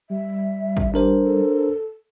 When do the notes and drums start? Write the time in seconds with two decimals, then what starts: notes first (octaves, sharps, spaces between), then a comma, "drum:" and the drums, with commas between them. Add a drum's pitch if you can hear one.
0.10 G3 E5
0.77 drum: kick G#1
0.94 D4 G4 A#4 C5
1.23 A4